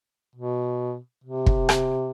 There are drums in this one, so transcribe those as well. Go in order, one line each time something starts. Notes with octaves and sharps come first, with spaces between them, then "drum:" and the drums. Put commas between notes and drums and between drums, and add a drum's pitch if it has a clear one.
B2
C3
drum: kick
drum: rim click